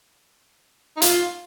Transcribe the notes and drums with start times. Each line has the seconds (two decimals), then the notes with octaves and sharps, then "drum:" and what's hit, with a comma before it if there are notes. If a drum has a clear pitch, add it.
0.97 D#4
1.02 F4, drum: hi-hat